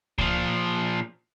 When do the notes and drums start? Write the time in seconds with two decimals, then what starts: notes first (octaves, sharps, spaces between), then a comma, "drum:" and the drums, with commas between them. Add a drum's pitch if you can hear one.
0.18 A#2 F3, drum: kick C#2